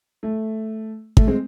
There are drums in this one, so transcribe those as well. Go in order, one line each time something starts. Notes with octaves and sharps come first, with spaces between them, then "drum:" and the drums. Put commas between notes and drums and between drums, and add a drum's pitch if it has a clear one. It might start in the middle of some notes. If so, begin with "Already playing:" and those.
A3
A3, drum: kick
G#3 C4